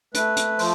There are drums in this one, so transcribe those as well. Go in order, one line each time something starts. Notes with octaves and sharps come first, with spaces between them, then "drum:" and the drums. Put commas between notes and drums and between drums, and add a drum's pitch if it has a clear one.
A3 B4, drum: hi-hat
drum: hi-hat
F3 C5, drum: open hi-hat